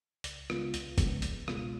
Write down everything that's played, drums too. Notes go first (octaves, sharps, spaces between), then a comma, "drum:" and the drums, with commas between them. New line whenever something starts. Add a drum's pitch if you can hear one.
C#2, drum: hi-hat
C#3 G#3 B3 F4, drum: rim click
C#2, drum: hi-hat
C#3 F3 G#3 B3, drum: kick, hi-hat
C#2, drum: hi-hat
B2 G#3 B3 F4, drum: rim click